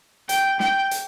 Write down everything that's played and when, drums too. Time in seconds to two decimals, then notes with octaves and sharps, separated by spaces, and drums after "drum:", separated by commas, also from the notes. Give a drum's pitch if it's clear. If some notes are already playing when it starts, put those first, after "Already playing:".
0.29 G5, drum: hi-hat
0.60 G5, drum: snare
0.91 drum: hi-hat